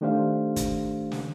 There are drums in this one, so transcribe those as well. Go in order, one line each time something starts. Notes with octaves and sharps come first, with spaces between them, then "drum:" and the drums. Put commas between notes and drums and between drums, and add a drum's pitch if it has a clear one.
D#3 A3 D4 G4 C5 F5
drum: kick, hi-hat
drum: snare